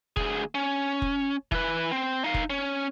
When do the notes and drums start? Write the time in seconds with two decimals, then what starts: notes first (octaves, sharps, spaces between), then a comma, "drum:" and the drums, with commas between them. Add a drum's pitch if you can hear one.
0.17 D2 G#4, drum: kick F1
0.55 C#4
1.02 drum: kick F1
1.51 E3 B4, drum: kick F1
1.92 C4
2.24 D#4 F5
2.34 drum: kick F1
2.50 C#4